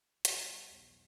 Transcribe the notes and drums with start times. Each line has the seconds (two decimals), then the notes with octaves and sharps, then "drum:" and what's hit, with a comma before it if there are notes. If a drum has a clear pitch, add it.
0.25 A1 F2 G3 G#3 B3, drum: hi-hat
0.66 B1 E2